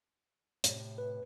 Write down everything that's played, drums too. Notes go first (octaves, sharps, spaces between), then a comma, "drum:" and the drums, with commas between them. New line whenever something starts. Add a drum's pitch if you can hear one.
A2 C3, drum: hi-hat
B4